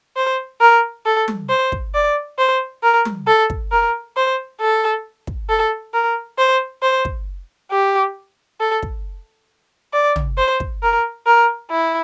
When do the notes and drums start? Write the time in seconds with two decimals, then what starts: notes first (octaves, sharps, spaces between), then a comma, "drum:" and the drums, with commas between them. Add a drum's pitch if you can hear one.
0.17 C5
0.61 A#4
1.06 A4
1.28 drum: tom
1.50 C5
1.72 drum: kick
1.95 D5
2.38 C5
2.83 A#4
3.05 drum: tom
3.27 A4
3.50 drum: kick
3.72 A#4
4.17 C5
4.61 A4
5.27 drum: kick
5.49 A4
5.94 A#4
6.38 C5
6.82 C5
7.05 drum: kick
7.72 G4
8.60 A4
8.83 drum: kick
9.93 D5
10.16 drum: tom
10.38 C5
10.60 drum: kick
10.83 A#4
11.26 A#4
11.71 E4